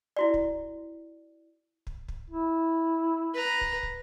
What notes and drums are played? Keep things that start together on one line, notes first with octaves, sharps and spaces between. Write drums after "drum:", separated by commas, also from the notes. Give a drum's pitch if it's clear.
E4 F#4 D5
drum: kick
drum: kick
drum: kick
E4
B4 A#5
drum: kick
drum: kick